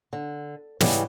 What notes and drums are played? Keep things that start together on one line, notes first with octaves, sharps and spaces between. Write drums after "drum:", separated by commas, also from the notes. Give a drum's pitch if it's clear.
D3
G#2 C#3 E3 G3, drum: snare